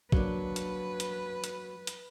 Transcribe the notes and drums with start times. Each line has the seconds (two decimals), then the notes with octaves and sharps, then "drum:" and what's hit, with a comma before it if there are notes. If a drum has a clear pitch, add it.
0.12 F#3 A#3 D4 B4, drum: kick
0.56 drum: hi-hat
1.00 drum: hi-hat
1.44 drum: hi-hat
1.87 drum: hi-hat